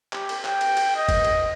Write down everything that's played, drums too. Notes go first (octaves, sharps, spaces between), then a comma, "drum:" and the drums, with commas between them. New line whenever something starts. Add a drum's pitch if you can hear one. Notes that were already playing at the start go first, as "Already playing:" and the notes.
G4, drum: clap
drum: cymbal
G5, drum: clap
drum: cymbal
drum: cymbal
D#5
drum: kick, cymbal
drum: cymbal